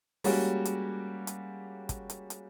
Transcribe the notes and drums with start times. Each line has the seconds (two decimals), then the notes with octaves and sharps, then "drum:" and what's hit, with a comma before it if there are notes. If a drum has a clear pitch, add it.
0.24 G3 G#3 A#3 C#4 F#4 G4, drum: open hi-hat
0.65 drum: hi-hat
1.27 drum: hi-hat
1.89 drum: kick, hi-hat
2.10 drum: hi-hat
2.30 drum: hi-hat